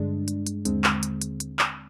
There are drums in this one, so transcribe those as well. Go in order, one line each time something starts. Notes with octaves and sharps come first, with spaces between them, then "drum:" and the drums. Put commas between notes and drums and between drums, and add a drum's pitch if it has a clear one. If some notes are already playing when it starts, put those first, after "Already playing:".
Already playing: G2 D3 G#3 D4
drum: hi-hat
drum: hi-hat
D#2 D3 G#3 C4, drum: hi-hat
drum: clap
drum: hi-hat
drum: hi-hat
drum: hi-hat
drum: clap